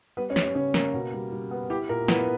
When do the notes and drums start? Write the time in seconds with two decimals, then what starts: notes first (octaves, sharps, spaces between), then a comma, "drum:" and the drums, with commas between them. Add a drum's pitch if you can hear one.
0.17 G3 B3 B4
0.30 C#4 C#5
0.36 G3, drum: snare
0.43 C#4 C#5
0.55 C#3 C#4 C#5
0.74 A#3 A#4, drum: snare
0.94 B2
1.13 G3
1.32 G3
1.51 B3
1.70 E4 G4
1.89 A#2 A#4
2.08 B3 E4 B4, drum: snare